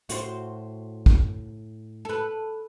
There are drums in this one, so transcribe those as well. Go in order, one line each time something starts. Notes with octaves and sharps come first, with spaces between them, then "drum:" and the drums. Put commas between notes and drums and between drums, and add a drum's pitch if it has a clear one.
A2 F#4 C5, drum: hi-hat
drum: kick
A4 B4